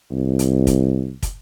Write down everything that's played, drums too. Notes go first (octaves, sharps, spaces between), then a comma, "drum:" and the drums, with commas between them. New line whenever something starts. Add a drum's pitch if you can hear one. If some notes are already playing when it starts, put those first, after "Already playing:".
C2
drum: hi-hat
drum: kick, hi-hat
drum: kick, hi-hat